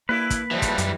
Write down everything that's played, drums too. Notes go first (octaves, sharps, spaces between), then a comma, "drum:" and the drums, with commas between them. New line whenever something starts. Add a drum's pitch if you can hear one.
G2 G3 A#3 E4 B4
drum: kick, hi-hat
C#3 E3 F3 G3 C4
drum: kick, hi-hat
F#2, drum: hi-hat